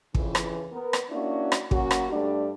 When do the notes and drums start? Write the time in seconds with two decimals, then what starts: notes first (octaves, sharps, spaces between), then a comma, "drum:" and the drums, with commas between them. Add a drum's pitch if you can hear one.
0.15 F2 C#3 E3, drum: kick
0.35 drum: rim click
0.72 B3 A#4
0.93 drum: rim click
1.11 A#3 C#4 D4 E4 F#4
1.52 drum: rim click
1.71 F#3 A#3 C#4 F#4, drum: kick
1.91 drum: rim click
2.11 G2 G3 A3 D4 D5